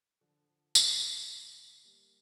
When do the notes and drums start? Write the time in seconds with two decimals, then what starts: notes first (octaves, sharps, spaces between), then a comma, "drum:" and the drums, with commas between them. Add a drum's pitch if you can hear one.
0.21 D3 F3
0.75 D3 F3, drum: tambourine
1.84 G3 A#3